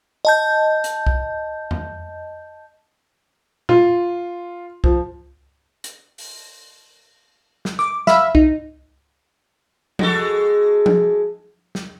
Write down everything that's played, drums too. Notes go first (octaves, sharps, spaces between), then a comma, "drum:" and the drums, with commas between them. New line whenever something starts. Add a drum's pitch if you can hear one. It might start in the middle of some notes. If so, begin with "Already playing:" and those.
D#5 A5 G6
drum: hi-hat
drum: kick B1
drum: tom F2
F4, drum: tom A#2
F3, drum: kick B1
drum: hi-hat
drum: open hi-hat
drum: snare
D6, drum: rim click
E5 F5 B5 E6, drum: snare
D#4, drum: kick B1
G#3 F#4 A4, drum: tom F3
drum: tom F3
drum: snare